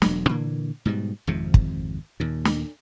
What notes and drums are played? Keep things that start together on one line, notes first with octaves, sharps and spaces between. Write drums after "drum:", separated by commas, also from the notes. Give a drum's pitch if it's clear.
E1 F#3, drum: snare
A#2 D3 E3 A#3
G#2 B2 G3
G#1 F2 G#2 C3
drum: kick
D#2 A#2
drum: snare